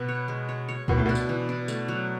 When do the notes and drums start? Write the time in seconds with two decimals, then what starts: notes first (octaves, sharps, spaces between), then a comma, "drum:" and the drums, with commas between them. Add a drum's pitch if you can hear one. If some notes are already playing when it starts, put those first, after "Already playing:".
Already playing: B2 B3
0.09 C#5
0.28 G#3
0.49 C#5
0.69 C#5
0.88 B2 E3, drum: kick C#2
0.98 A2
1.06 B2 D4
1.15 drum: tambourine
1.29 E3
1.49 D4
1.68 A3, drum: tambourine
1.88 F#3